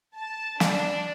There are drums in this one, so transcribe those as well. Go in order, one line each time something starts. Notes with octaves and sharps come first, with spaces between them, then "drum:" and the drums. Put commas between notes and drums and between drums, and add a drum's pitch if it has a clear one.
A5
D4, drum: snare